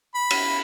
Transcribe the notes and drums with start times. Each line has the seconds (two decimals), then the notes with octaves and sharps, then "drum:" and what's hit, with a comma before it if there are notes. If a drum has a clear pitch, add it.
0.15 B5
0.31 drum: cymbal